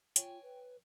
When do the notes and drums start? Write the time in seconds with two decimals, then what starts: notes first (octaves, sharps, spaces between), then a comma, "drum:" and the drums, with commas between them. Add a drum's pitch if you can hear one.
0.16 F4 C#5 G5 G#5, drum: hi-hat
0.43 B4